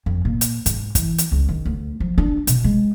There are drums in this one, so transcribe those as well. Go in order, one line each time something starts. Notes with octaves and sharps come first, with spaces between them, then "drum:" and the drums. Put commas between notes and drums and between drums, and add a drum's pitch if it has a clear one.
F2
A#2
drum: hi-hat
G#2, drum: hi-hat
E3, drum: kick, hi-hat
drum: hi-hat
C#2
D#3
D2
F3
D4
B2, drum: hi-hat
G#3